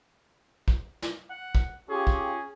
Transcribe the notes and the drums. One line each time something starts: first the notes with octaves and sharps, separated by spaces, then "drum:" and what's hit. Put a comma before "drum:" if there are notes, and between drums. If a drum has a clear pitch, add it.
drum: kick
drum: snare
F#5
drum: kick
C#4 F4 G4 G#4
drum: kick